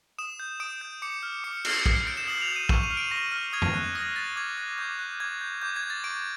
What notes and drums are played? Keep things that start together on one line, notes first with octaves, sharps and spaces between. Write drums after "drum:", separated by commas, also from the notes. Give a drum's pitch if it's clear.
D#6 E7
G6
D#6 D7
G6
D6 C#7
F6
D6 C#7
F6 C7, drum: cymbal
D#6 C7, drum: kick
C#7
G6 D7
E7
D#6 F#7
F7
G6
D#7
C#6 D#7, drum: kick
D#7
F6
D7
C#6 A#6
F6
D#6 G#6
drum: tom F2
F#6
D#6 A#6
F#6 A6
D6 G#6
F#6
D6 G6
F#6
D6 G#6
G6
D6 G6
G#6
G6
A6
C#6 D7